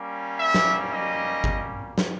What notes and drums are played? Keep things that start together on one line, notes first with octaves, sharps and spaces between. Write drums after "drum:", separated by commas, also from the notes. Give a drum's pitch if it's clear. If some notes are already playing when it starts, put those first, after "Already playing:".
Already playing: G3 A#3 C#4
E5
drum: snare
D#5
drum: kick G1
drum: snare